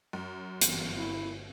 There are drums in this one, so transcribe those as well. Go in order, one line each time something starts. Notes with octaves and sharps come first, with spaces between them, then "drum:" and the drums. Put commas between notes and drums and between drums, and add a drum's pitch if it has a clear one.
F#2
G1 E3, drum: hi-hat
E4